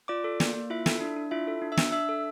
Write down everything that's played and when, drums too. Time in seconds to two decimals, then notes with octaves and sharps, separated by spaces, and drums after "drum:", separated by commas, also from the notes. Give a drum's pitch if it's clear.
0.08 F4 D5 D6
0.24 A4
0.40 A#3, drum: snare
0.55 A#3
0.70 E4 F4 E5
0.86 A4, drum: snare
1.00 D4
1.16 D4
1.31 E4 F4 E5
1.47 A4
1.62 D4
1.72 E5 E6
1.77 D4, drum: snare
1.92 D4 E5 E6
2.09 A4